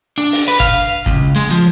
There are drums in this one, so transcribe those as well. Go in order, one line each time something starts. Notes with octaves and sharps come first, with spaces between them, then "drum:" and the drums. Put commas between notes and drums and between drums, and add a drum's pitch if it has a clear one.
D4, drum: hi-hat
drum: open hi-hat
B4
F5, drum: kick
C#2, drum: kick
G#3
F3